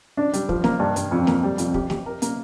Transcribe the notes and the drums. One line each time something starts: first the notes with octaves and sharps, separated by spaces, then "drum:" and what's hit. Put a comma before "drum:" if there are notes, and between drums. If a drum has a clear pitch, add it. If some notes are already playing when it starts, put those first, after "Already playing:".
D4
G3, drum: hi-hat
F3, drum: kick
A#3, drum: snare
G2
G2, drum: hi-hat
F2
A#3, drum: snare
G3
F2, drum: hi-hat
G4, drum: kick
G4, drum: snare
A#4
A#3, drum: hi-hat